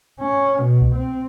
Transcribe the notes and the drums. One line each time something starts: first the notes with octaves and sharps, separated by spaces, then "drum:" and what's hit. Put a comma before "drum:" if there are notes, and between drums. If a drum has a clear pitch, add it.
C#4
B2
drum: kick C2
C4